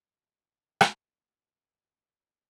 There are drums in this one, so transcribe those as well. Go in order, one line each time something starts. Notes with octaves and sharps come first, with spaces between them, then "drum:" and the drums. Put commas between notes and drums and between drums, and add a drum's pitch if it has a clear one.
G#4
drum: rim click
G4
G4
E4
D#4